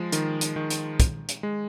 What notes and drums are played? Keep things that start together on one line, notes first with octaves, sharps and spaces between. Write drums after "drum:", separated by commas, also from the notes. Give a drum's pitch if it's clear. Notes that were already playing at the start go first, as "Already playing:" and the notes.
Already playing: F3 G#3
D#3, drum: hi-hat
drum: hi-hat
D#3
drum: hi-hat
drum: kick, hi-hat
drum: hi-hat
G#3